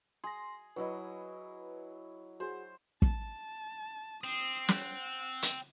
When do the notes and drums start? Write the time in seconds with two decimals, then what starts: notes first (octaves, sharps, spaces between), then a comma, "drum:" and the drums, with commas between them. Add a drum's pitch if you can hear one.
0.24 G#4 C6 A#6
0.76 F#3 E4 B4 D#5
2.40 F#4 G#4 C5
3.02 A5, drum: kick
4.24 C4 D#6 C7
4.68 F#5, drum: snare
5.43 drum: hi-hat